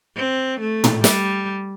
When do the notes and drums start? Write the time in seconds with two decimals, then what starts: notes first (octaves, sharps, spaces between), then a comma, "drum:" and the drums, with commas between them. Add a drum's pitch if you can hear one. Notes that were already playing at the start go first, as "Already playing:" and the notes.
0.17 C4
0.61 A3
0.84 drum: tom
1.04 G3, drum: snare